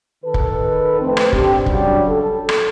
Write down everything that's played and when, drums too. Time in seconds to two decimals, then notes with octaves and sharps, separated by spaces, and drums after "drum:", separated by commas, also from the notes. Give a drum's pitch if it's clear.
0.24 D#3 A4 B4
0.34 drum: kick
1.00 F2 A2 C4
1.17 drum: rim click
1.33 D#3 C4 D4 G4, drum: kick
1.66 C#3 F#3 G3 D4, drum: kick
2.08 A4
2.49 drum: rim click